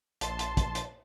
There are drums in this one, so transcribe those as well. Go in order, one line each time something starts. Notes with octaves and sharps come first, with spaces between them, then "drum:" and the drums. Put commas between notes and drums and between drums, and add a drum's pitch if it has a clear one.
A#1 A5 C6, drum: hi-hat
drum: hi-hat
drum: kick, hi-hat
drum: hi-hat